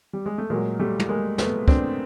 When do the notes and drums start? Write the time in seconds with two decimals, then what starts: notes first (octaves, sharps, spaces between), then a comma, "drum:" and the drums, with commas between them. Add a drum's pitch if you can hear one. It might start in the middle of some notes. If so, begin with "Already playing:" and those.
0.13 G3
0.26 G#3
0.38 A3
0.50 A#2 F#3 G#3 A#3
0.79 G3 A3
0.99 drum: tom
1.09 G#3 A#3
1.38 A3 B3, drum: snare
1.68 C4 D4, drum: kick